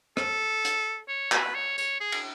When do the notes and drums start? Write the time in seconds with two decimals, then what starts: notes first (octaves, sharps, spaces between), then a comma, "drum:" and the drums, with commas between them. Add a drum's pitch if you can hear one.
0.17 A4, drum: rim click
0.65 drum: hi-hat
1.08 C#5
1.32 B4, drum: clap
1.55 C#5
1.78 C#5, drum: tambourine
2.00 G#4
2.12 drum: cymbal